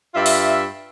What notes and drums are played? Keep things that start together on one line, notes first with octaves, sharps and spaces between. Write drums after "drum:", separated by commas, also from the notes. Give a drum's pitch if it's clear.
G2 F4 E5
drum: open hi-hat